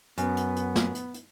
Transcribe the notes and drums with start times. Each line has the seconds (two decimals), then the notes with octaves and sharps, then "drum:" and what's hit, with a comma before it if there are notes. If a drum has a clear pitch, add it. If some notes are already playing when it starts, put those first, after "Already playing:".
0.18 F#2 B3, drum: hi-hat
0.37 drum: hi-hat
0.56 drum: hi-hat
0.75 drum: snare
0.95 drum: hi-hat
1.14 drum: hi-hat